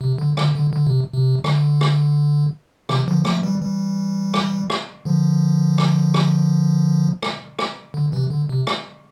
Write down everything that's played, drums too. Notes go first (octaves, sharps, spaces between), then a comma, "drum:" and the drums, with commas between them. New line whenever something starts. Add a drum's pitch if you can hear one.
C3
D3
D3, drum: rim click
D3
D3
C3
C3
D3, drum: rim click
drum: rim click
C3 E3, drum: rim click
D3 F3
F3 A3, drum: rim click
E3 G3
E3 G3
drum: rim click
drum: rim click
D3 F3
drum: rim click
drum: rim click
drum: rim click
drum: rim click
D3
C3 E3
D3
C3
drum: rim click